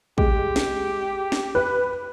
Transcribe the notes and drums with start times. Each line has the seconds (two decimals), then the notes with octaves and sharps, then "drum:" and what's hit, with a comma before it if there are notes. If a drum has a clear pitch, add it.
0.18 G#3 G4, drum: kick
0.56 drum: snare
1.32 drum: snare
1.55 B4